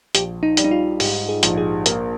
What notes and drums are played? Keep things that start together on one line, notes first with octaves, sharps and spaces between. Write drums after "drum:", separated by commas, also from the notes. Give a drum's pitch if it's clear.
A#1 G4, drum: hi-hat
D#4
G3, drum: hi-hat
D#4
F4
G#2 G4, drum: open hi-hat
G#4
A#1, drum: hi-hat
G#4
A#3 G4, drum: hi-hat